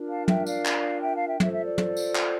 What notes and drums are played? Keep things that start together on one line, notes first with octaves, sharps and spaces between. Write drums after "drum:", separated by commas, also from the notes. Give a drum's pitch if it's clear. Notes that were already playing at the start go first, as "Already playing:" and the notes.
Already playing: D4 F4 A#4
F5 A5
E5 G5, drum: tom
D5 F5, drum: tambourine
drum: clap
E5 G5
F5 A5
E5 G5
F4 A4 C5 E5, drum: tom
E5
D5
drum: tom
drum: tambourine
drum: clap